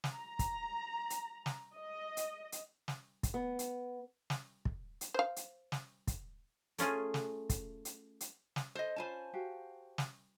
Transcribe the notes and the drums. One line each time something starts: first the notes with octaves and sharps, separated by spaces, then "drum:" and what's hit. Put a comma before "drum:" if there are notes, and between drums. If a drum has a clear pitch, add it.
drum: snare
A#5
drum: kick, hi-hat
drum: hi-hat
drum: snare
D#5
drum: hi-hat
drum: hi-hat
drum: snare
drum: kick, hi-hat
B3
drum: hi-hat
drum: snare
drum: kick
drum: hi-hat
C5 F5
drum: hi-hat
drum: snare
drum: kick, hi-hat
A3 C#4 F4 G#4, drum: hi-hat
drum: snare
drum: kick, hi-hat
drum: hi-hat
drum: hi-hat
drum: snare
A4 B4 C5 D#5
C#4 F4 C5 G#5 A5 B5
F#4 G4 F5
drum: snare